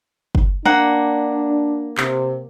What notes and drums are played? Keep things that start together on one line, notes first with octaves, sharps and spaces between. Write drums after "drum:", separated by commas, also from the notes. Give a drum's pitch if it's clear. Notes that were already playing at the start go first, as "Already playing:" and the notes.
drum: kick
A#3 D4 F#5
C3, drum: clap